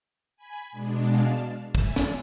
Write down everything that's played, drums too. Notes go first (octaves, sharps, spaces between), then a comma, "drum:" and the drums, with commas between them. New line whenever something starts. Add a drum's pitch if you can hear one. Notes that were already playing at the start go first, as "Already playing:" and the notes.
G#5 B5
B2 G#3 D4
F5 A5
E5 G#5, drum: kick
drum: snare